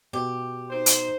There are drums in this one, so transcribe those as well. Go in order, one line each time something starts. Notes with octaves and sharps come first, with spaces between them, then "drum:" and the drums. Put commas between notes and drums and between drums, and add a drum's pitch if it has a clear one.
B2 G4
D#4 C5
drum: hi-hat